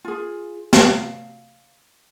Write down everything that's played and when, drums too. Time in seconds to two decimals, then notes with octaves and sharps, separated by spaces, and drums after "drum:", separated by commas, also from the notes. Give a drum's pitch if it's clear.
0.05 F4 G#4
0.73 F5, drum: snare